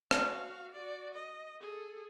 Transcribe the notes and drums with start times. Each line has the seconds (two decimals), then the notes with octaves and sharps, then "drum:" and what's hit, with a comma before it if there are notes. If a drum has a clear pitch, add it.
0.11 F#4 F5, drum: rim click
0.72 F#4 D5
1.15 D#5
1.61 G#4 A4